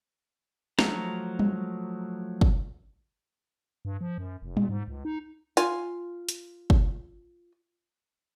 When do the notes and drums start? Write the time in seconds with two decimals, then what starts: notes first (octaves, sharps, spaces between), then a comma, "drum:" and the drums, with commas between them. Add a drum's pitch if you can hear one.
0.79 F3 F#3 A3 A#5, drum: snare
1.39 drum: tom G3
2.41 drum: kick
3.85 G2
4.01 F3
4.18 F#2
4.42 F1
4.57 A#2, drum: tom G3
4.69 G#2
4.88 C#2
5.05 D#4
5.57 F4 G#5, drum: hi-hat
6.29 drum: hi-hat
6.70 drum: kick